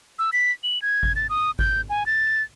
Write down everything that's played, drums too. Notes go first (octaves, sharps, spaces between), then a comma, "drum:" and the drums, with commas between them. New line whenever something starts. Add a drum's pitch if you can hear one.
E6
B6
F#7
G#6
drum: kick G#1
A6
D#6
G6, drum: kick G#1
G#5
A6